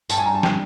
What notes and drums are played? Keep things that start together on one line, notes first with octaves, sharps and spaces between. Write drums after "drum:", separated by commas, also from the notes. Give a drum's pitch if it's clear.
G2 A5, drum: tambourine
G#5
A#5
A5
G5, drum: snare